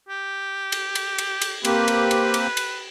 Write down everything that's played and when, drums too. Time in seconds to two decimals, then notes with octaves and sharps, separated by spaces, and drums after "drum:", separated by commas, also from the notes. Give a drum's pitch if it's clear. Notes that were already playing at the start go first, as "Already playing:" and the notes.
0.09 G4
0.72 drum: cymbal
0.95 drum: cymbal
1.18 drum: cymbal
1.42 drum: cymbal
1.65 A#3 C4 G4 B4, drum: cymbal
1.88 drum: cymbal
2.11 drum: cymbal
2.34 drum: cymbal
2.57 drum: cymbal